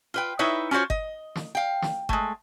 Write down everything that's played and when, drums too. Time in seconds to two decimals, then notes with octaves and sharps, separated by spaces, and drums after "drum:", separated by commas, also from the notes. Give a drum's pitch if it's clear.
0.14 F4 B4 G5
0.39 D#4 E4 B4 C#5 E5
0.71 C#4 F4 F#4 C5 C#5
0.90 D#5, drum: kick G1
1.36 drum: snare
1.55 F5 G5
1.82 drum: snare
2.09 G#3 A3, drum: kick G1